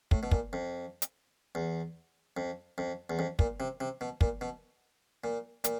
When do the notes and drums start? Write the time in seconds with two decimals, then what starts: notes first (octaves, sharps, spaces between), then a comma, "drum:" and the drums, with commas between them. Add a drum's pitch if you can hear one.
0.11 A2, drum: kick
0.23 B2
0.31 A#2, drum: kick
0.53 F2
1.02 drum: hi-hat
1.55 E2
2.37 F2
2.78 F2
3.10 E2
3.19 F2
3.39 A#2, drum: kick
3.60 C3
3.80 C3
4.01 B2
4.21 A#2, drum: kick
4.41 B2
5.24 A#2
5.64 A#2, drum: hi-hat